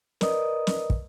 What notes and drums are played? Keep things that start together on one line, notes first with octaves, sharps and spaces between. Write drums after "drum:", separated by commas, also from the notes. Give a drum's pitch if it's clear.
A#4 B4 D5 D#5 D#6, drum: snare
drum: snare
drum: kick